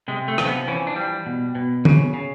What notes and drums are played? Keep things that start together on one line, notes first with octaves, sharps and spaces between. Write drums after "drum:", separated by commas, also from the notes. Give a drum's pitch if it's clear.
C3 G#3
A3
F3, drum: rim click
B3
E3 C#4
D4
G3
B2
B2
C#3, drum: tom
C#3